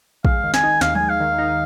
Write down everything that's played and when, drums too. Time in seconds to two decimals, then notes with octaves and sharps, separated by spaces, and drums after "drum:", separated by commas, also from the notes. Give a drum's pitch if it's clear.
0.25 G#3 F5, drum: kick
0.44 D#3
0.54 G#5, drum: snare
0.63 D#4
0.81 D#2 F5, drum: snare
0.95 G#5, drum: tom F3
1.00 G#3
1.09 F5
1.20 D#3
1.38 D#4